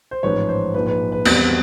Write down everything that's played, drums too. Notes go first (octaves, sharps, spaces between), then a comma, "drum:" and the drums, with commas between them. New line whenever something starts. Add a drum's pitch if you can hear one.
C5
A1 G#2 F3 G#3 B4 C#5
C5
A#1 G#2 F3 B4
B4
B4
E1 E2 B2 G3 C4, drum: cymbal